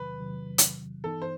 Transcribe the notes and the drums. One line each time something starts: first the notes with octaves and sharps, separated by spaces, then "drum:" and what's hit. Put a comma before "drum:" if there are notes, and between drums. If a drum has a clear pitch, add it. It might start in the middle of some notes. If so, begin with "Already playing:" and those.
Already playing: E2 C3 D#3 F#3 B4
E2 C3 D#3 F#3
drum: hi-hat
G2 E3 B3 D#4 A4
C5